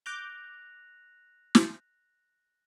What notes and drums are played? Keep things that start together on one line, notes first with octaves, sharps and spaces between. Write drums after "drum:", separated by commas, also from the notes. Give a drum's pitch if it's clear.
D6 F#6 G6 A#6 F7
drum: snare